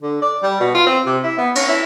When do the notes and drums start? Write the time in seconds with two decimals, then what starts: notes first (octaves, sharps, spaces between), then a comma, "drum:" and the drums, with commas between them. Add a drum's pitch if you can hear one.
0.02 D3
0.22 D5
0.43 G3
0.60 B2
0.75 F4
0.87 C4
1.06 C3
1.23 E4
1.38 B3
1.55 C#4, drum: cymbal
1.68 E4